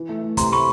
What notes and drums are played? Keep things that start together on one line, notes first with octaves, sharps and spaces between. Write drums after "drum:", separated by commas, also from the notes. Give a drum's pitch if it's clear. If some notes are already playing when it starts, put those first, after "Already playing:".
Already playing: E3
A3
A3
C3 A#5 C6, drum: kick, hi-hat
A3 B5 C#6